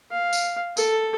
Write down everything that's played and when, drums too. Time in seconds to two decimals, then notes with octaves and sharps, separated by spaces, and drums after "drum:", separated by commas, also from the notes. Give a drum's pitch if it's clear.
0.11 F5
0.33 drum: tambourine
0.77 A4, drum: tambourine